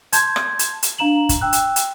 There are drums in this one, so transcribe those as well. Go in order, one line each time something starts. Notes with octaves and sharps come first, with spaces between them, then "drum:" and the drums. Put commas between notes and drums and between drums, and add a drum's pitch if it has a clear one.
A5 C6 G6 G#6, drum: hi-hat
drum: rim click
drum: hi-hat
drum: hi-hat
D4 F5 A#5 E7 F#7
drum: kick, hi-hat
G5 E6 F#6
drum: hi-hat
drum: hi-hat